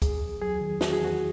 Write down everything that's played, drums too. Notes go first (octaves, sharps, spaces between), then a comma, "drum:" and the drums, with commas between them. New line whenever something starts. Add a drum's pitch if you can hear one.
E2 G#4, drum: kick, hi-hat
E2
F#3 G#4
D#3
E2 F#4, drum: snare
G#4
E2 F#4